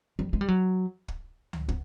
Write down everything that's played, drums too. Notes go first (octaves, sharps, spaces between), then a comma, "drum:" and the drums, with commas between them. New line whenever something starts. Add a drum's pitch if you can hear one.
G3
G#3
G3
F#3
drum: kick
drum: tom C#2
B3, drum: kick